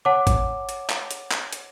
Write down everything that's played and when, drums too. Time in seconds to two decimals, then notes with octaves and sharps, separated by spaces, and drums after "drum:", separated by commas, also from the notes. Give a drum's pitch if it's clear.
0.05 C#5 F#5 A5 D6
0.27 drum: kick, hi-hat
0.69 drum: hi-hat
0.90 drum: clap
1.11 drum: hi-hat
1.32 drum: clap
1.52 drum: hi-hat